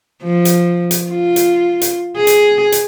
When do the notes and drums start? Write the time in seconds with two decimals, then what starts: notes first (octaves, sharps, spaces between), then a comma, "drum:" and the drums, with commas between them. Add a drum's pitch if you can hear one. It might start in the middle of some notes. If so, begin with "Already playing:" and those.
0.22 F3
0.45 drum: hi-hat
0.91 drum: hi-hat
1.10 F4
1.36 drum: hi-hat
1.81 drum: hi-hat
2.16 G#4
2.27 drum: hi-hat
2.72 drum: hi-hat